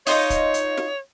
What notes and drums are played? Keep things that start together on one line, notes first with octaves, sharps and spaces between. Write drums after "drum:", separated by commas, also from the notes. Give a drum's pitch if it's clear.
D#4 F4 C#5 D#5, drum: open hi-hat
drum: kick D1, hi-hat
drum: hi-hat
drum: snare